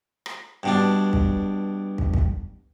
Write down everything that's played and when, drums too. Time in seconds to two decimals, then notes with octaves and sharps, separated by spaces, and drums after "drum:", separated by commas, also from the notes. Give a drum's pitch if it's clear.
0.26 drum: rim click
0.63 G2 B2 D4
1.13 drum: kick
1.98 drum: kick
2.14 drum: kick